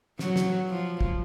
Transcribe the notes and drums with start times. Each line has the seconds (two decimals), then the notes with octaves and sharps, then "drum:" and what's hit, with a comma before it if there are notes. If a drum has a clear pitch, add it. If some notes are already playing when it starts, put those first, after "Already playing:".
0.19 F#3, drum: snare
0.36 drum: snare
0.69 F3
1.01 drum: kick